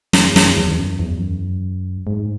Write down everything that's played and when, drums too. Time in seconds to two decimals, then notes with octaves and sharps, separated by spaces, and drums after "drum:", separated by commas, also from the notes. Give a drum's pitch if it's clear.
0.13 F#2, drum: snare
0.36 F#2, drum: snare
0.57 E2
0.71 E2
0.79 F#2
0.99 E2
1.20 F#2
2.07 G#2